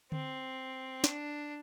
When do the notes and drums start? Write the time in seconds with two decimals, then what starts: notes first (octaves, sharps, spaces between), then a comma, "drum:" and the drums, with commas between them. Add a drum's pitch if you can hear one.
0.12 C4, drum: tom D3
1.04 D4, drum: snare